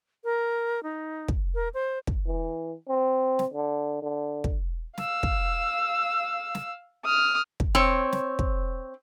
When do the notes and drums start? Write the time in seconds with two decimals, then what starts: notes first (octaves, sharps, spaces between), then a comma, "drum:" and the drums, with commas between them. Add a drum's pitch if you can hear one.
0.24 A#4
0.83 D#4
1.28 drum: kick
1.55 A#4
1.74 C5
2.07 drum: kick
2.27 E3
2.89 C4
3.39 drum: snare
3.54 D3
4.02 D3
4.44 drum: kick
4.98 F5 E6, drum: snare
5.23 drum: kick
6.55 drum: snare
7.05 D#6 F6
7.60 drum: kick
7.75 C4 C#5
8.12 drum: snare
8.39 drum: kick